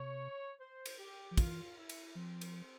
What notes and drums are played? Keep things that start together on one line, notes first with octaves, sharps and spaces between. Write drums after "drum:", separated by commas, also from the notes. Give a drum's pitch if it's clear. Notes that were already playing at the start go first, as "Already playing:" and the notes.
Already playing: C3 C#5
C5
drum: cymbal
G4
F3
E3 F4, drum: kick, cymbal
E4
drum: cymbal
F3 C4
drum: cymbal